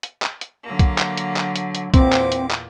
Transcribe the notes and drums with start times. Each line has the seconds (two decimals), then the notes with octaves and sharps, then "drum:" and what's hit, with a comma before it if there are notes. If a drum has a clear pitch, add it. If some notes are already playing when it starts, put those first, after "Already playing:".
0.03 drum: hi-hat
0.22 drum: clap
0.41 drum: hi-hat
0.64 D3 F#3 A#3
0.79 drum: kick B1, hi-hat
0.98 drum: clap
1.17 drum: hi-hat
1.37 drum: clap
1.56 drum: hi-hat
1.75 drum: hi-hat
1.94 E2 A#2 C4 D6, drum: kick B1, hi-hat
2.13 drum: clap
2.32 drum: hi-hat
2.51 drum: clap